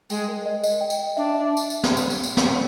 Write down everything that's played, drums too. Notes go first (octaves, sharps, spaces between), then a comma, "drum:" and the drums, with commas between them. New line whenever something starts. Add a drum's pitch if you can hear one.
G#3 G5, drum: tambourine
A#4
D#5
D#5, drum: tambourine
G5
drum: tambourine
D#5
D4 E5
E5
drum: tambourine
drum: tambourine
drum: snare
drum: tambourine
drum: tambourine
drum: tambourine
drum: snare